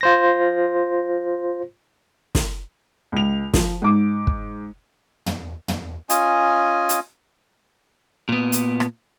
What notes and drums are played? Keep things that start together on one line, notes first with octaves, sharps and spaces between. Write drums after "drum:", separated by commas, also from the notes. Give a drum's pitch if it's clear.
F4 C5 A#6
drum: snare
C#2 F7
F3, drum: snare
G#2 D6
drum: kick
drum: tom
drum: tom
C#4 F4 D#5 G#5, drum: hi-hat
drum: hi-hat
A#2 B3
drum: hi-hat
drum: rim click